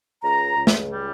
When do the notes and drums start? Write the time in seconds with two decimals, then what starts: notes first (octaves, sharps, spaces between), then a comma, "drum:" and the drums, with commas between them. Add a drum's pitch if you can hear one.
0.23 C#2 A#5
0.56 C#2
0.67 drum: snare
0.89 G3